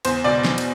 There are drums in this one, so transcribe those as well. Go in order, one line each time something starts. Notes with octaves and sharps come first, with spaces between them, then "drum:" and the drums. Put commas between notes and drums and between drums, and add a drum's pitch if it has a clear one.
E2 C5, drum: cymbal
B2 D5
drum: snare
drum: cymbal